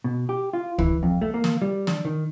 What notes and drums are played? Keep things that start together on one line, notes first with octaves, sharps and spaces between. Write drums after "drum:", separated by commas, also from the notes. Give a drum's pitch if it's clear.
B2
G4
F4
E3, drum: kick
F2
A3
A#3
drum: snare
G3
D4, drum: snare
D#3